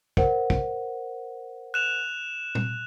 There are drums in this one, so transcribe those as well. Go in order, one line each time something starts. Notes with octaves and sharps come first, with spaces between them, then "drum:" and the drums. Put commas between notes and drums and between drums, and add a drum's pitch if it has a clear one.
A#4 C5 F#5, drum: kick
drum: kick
F#6 E7 F7
drum: tom A#2